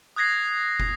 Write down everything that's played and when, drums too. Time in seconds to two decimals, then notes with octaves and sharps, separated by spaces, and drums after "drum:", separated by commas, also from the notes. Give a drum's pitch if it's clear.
0.16 D#6 F#6 G#6 A#6 C7
0.80 drum: kick